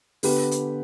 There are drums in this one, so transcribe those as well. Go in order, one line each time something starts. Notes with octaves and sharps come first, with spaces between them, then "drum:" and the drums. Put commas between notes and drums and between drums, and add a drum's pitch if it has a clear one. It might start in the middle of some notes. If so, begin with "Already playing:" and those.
D3 B3 G4 B4, drum: open hi-hat
drum: hi-hat